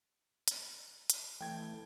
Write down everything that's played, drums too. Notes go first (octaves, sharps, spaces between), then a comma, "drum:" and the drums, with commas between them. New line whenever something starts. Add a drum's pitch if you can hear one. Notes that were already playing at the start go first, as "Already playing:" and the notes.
drum: hi-hat
drum: hi-hat
E3 A3 G5 G#6